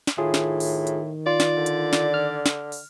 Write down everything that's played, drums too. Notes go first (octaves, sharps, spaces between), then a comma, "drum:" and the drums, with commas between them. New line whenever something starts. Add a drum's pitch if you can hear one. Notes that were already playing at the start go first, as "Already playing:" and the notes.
drum: snare
A2 D#3 F4 G#4
drum: snare
drum: open hi-hat
drum: hi-hat
F4 D5
drum: snare
D3
drum: hi-hat
drum: snare
F6
drum: snare
drum: open hi-hat